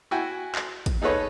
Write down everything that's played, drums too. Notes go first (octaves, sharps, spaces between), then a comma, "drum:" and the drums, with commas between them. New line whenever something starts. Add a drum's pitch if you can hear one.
E4 F#4 G5 G#5
drum: clap
drum: kick, hi-hat
D#4 G#4 A4 B4 C#5 D#5